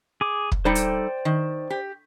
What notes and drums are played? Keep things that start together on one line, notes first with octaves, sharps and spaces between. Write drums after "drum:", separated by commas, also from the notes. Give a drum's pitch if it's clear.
G#4 D6
drum: kick
G3 D#4 A4 C5 D5 G5
drum: hi-hat
D#3
G4